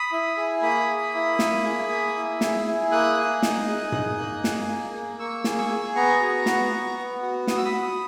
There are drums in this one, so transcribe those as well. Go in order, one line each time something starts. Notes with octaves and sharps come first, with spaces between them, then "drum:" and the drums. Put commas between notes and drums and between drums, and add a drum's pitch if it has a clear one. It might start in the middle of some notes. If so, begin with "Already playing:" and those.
Already playing: B5 D#6
E4
G#4
A#3 B5 D#6
A#3
E4
A#3, drum: snare
G#4
A#3
E4
G#4, drum: snare
E4
A#3 D#6 F#6
G#4
D#4, drum: snare
G#4
D#4, drum: tom G2
A#3
G#4, drum: snare
A#3
A#3
A#3 C#6 E6
G#4, drum: snare
C#6 E6
G#4
B3 A#5 C#6
F#4
B3, drum: snare
B3
B3
F#4
F#4 D#6, drum: snare
E6
B5 D#6
F#4